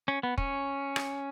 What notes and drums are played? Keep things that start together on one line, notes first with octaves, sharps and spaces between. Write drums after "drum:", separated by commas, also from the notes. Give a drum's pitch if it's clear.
C#4
B3
C#4, drum: kick
drum: rim click